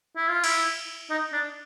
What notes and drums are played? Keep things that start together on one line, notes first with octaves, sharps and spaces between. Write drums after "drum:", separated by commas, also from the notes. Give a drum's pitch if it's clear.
E4
F4
E4, drum: cymbal
D#4
D4